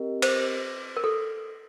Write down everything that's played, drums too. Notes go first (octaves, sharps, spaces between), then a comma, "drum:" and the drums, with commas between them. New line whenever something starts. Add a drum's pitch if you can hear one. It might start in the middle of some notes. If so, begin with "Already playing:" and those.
Already playing: C4 G4 A#4 D#5
C5, drum: cymbal
A#4
A4